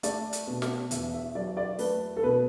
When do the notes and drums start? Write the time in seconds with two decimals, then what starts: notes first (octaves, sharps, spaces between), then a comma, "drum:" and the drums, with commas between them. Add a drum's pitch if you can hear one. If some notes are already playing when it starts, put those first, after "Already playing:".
0.03 A3 D5, drum: hi-hat
0.33 drum: hi-hat
0.47 B2
0.62 drum: snare
0.91 E2 E5, drum: hi-hat
1.13 E5
1.35 F#3 D5
1.57 D5
1.79 A3 B4, drum: open hi-hat
2.17 A4
2.23 B2 B4